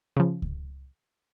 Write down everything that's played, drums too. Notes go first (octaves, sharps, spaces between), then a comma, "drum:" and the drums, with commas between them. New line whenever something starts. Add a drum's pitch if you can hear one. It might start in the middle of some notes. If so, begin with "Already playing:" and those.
C#3 F3
drum: kick C#2